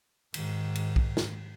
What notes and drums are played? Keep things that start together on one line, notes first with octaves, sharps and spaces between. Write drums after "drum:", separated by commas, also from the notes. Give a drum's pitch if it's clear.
G#2 D#3, drum: cymbal
drum: cymbal
drum: kick B1
drum: snare